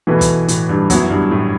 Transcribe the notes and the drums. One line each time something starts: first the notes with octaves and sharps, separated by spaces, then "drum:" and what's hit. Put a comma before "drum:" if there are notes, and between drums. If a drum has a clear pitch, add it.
B2 E3 A3 E4 B4
drum: kick, hi-hat
A2, drum: hi-hat
G2
F#2 F#3 B3 E4, drum: kick, hi-hat
G2
A2